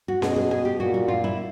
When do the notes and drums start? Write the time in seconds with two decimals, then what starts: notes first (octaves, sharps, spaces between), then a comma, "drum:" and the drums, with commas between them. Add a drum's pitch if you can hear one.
0.08 F#4
0.22 B2 G#4, drum: snare C#4
0.36 G#4
0.51 G#4
0.65 G4
0.80 A#2 F#4
0.94 F#4
1.08 F4
1.24 E4